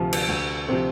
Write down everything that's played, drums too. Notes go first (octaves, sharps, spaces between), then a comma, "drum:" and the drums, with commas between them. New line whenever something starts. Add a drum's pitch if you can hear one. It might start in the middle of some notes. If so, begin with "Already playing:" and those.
Already playing: D2 C3 F3
drum: cymbal
D2
C3 F3 C4